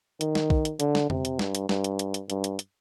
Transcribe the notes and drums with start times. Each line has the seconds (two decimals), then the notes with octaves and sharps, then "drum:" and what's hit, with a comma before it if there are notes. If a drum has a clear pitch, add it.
0.21 D#3, drum: hi-hat
0.35 drum: snare
0.50 drum: kick
0.65 drum: hi-hat
0.80 D3, drum: hi-hat
0.95 drum: snare
1.10 C3, drum: tom
1.25 drum: hi-hat
1.39 G2, drum: snare
1.55 drum: hi-hat
1.69 G2, drum: snare
1.84 drum: hi-hat
1.99 drum: hi-hat
2.14 drum: hi-hat
2.30 G2, drum: hi-hat
2.44 drum: hi-hat
2.59 drum: hi-hat